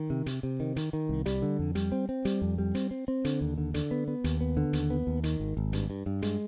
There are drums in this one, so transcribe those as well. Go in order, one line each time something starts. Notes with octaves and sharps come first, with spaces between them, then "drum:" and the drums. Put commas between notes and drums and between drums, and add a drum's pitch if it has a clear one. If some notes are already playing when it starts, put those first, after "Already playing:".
Already playing: D#3
C3
C3, drum: hi-hat
C3
D#3
D#3, drum: hi-hat
D#3
C2
G3, drum: hi-hat
D3
F2
G3, drum: hi-hat
C4
C4
G3, drum: hi-hat
F2
G3
C4, drum: hi-hat
C4
C4
D3, drum: hi-hat
D#2
D3
D3, drum: hi-hat
B3
B3
D#2, drum: hi-hat
B3
D3
D#2, drum: hi-hat
B3
D#2
D#3, drum: hi-hat
G#1
G#1
G2, drum: hi-hat
G2
G2
G#3, drum: hi-hat